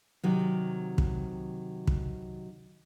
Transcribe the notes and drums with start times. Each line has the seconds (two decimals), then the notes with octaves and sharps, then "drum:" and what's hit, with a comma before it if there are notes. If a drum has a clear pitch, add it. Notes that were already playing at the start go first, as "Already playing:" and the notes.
0.23 C3 D#3 F#3
0.98 drum: kick
1.87 drum: kick